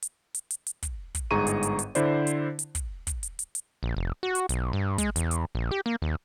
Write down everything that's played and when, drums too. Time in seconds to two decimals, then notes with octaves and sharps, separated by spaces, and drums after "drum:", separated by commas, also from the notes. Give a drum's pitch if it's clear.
0.02 drum: hi-hat
0.34 drum: hi-hat
0.51 drum: hi-hat
0.67 drum: hi-hat
0.83 drum: kick, hi-hat
1.15 drum: kick, hi-hat
1.31 G1 G#2 G#4 A#5 C#6 D#7
1.47 drum: hi-hat
1.63 drum: hi-hat
1.79 drum: hi-hat
1.95 D3 E4 C5 D5, drum: hi-hat
2.27 drum: hi-hat
2.59 drum: hi-hat
2.75 drum: kick, hi-hat
3.07 drum: kick, hi-hat
3.23 drum: hi-hat
3.39 drum: hi-hat
3.55 drum: hi-hat
3.83 A#1
3.97 F1
4.23 F#4
4.35 drum: hi-hat
4.49 B1, drum: hi-hat
4.73 G2
4.98 G#3, drum: kick, hi-hat
5.16 E2, drum: hi-hat
5.31 drum: hi-hat
5.55 A#1
5.71 G4
5.86 A#3
6.02 D#2